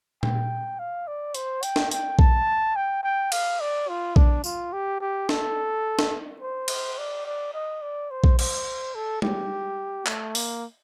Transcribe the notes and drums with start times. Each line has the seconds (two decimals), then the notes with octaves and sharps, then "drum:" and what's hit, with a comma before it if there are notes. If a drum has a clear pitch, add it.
0.23 G5, drum: tom A#2
0.79 F5
1.07 D5
1.35 C5, drum: hi-hat
1.63 G5, drum: hi-hat
1.76 drum: snare
1.91 G5, drum: hi-hat
2.19 A5, drum: kick A#1
2.76 G5
3.03 G5
3.32 F5, drum: cymbal
3.61 D5
3.89 F4
4.16 D4, drum: kick A#1
4.44 F4, drum: tambourine
4.73 G4
5.01 G4
5.29 A4, drum: snare
5.99 drum: snare
6.41 C5
6.68 drum: cymbal
6.98 D5
7.26 D5
7.53 D#5
7.82 D5
8.11 C5
8.24 drum: kick A#1
8.39 C5, drum: cymbal
8.95 A4
9.22 G4, drum: tom G3
10.06 A3, drum: clap
10.35 A#3, drum: open hi-hat